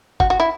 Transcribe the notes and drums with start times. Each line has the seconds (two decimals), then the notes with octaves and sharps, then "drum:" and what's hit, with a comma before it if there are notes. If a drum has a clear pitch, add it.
0.20 F#4, drum: kick
0.30 F#4
0.40 E4